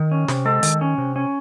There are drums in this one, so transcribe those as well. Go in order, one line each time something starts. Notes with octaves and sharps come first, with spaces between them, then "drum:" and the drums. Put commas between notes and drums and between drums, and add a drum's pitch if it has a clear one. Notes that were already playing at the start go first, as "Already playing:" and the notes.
Already playing: D#3
C#4
C3, drum: snare
G#3 A4
D#3, drum: hi-hat
C#4
C3
C#4